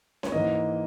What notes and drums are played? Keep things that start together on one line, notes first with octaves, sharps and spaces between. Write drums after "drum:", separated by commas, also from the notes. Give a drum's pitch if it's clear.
C#5, drum: snare C#4
G#2 E3 A#3 D#5